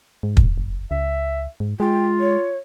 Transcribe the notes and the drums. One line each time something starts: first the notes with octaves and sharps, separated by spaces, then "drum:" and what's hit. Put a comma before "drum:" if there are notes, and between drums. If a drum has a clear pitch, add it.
G#2
drum: kick
F#1
C#2 E5
G#2
G#3 F4 G5
C#5